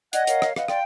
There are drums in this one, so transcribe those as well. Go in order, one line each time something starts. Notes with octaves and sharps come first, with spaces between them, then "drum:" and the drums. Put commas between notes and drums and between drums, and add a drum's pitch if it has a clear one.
D5 D#5 F#5 F#6 G#6, drum: hi-hat
A#4 C#5 F5, drum: hi-hat
drum: rim click
B4 D#5 F5 F#5, drum: rim click
D5 G5 C6, drum: rim click